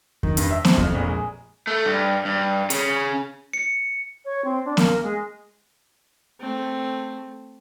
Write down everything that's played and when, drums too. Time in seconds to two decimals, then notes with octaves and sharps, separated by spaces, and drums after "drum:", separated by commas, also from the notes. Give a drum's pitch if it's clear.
0.23 D#3, drum: kick F2
0.37 G2, drum: hi-hat
0.51 E5
0.65 C4, drum: snare B3
0.78 F2, drum: kick F2
0.95 A#1
1.08 G#3
1.67 A3
1.85 G2
2.25 G2
2.70 C#3, drum: hi-hat
3.53 C#7
4.25 C#5
4.44 C4
4.65 D4
4.77 A#3, drum: snare B3
5.03 G#3
6.40 A3 C4